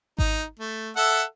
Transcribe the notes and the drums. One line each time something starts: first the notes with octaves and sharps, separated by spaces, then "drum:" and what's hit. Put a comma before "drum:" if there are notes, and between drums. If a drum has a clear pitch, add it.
D#4, drum: kick G#1
A3
A4 E5 F#5